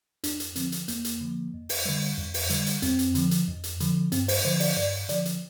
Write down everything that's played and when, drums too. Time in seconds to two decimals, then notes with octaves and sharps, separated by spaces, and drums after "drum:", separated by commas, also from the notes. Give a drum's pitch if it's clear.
0.24 F2 D4, drum: hi-hat
0.40 drum: hi-hat
0.56 D3 F3 C4, drum: hi-hat
0.72 drum: hi-hat
0.88 F2 A#3, drum: hi-hat
1.05 drum: hi-hat
1.21 D3 F3
1.53 F2
1.69 drum: open hi-hat
1.85 D3 G3
2.18 F2
2.34 drum: open hi-hat
2.50 D3 G3, drum: hi-hat
2.66 drum: hi-hat
2.82 F2 C4, drum: hi-hat
2.99 drum: hi-hat
3.15 D3 F3, drum: hi-hat
3.31 drum: hi-hat
3.48 F2
3.64 drum: hi-hat
3.80 D3 F3, drum: hi-hat
4.12 G2 C4, drum: hi-hat
4.28 C5, drum: open hi-hat
4.45 D3 F3 C5
4.60 D5, drum: open hi-hat
4.76 G2 D5
5.09 D3 F3 D5, drum: hi-hat
5.25 drum: hi-hat